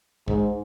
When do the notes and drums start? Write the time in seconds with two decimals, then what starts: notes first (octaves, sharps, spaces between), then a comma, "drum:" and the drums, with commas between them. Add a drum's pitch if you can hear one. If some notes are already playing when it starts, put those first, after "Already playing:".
0.28 G#2, drum: kick